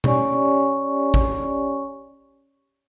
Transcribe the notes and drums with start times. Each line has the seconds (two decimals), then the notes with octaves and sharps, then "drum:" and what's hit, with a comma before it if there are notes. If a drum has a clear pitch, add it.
0.04 C#4 G4 C#5 D5 G#5 C#6, drum: tom B2
1.14 drum: kick